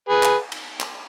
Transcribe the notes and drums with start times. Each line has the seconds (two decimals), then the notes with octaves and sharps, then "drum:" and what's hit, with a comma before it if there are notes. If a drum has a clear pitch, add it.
0.09 G#4 B4
0.23 drum: clap
0.52 drum: cymbal
0.81 drum: clap